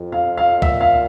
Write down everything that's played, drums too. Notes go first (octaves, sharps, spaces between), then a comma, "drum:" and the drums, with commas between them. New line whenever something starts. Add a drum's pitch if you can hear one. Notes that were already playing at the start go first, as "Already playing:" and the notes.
Already playing: F2
F5
F5
A#2 E5, drum: kick
F5